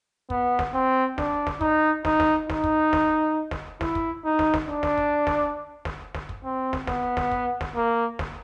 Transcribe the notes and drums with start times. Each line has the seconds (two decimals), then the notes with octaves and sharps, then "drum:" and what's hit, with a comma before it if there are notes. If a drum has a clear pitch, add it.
0.30 B3, drum: kick
0.59 drum: snare
0.74 C4
1.18 D4, drum: snare
1.47 drum: snare
1.61 D#4, drum: kick
2.05 D#4, drum: snare
2.20 drum: snare
2.50 D#4, drum: snare
2.64 drum: kick
2.93 drum: snare
3.51 drum: snare
3.81 E4, drum: snare
3.95 drum: kick
4.25 D#4
4.39 drum: snare
4.54 drum: snare
4.68 D4
4.83 drum: snare
4.98 drum: kick
5.27 drum: snare
5.85 drum: snare
6.15 drum: snare
6.29 drum: kick
6.44 C4
6.73 drum: snare
6.87 B3, drum: snare
7.17 drum: snare
7.32 drum: kick
7.61 drum: snare
7.76 A#3
8.19 drum: snare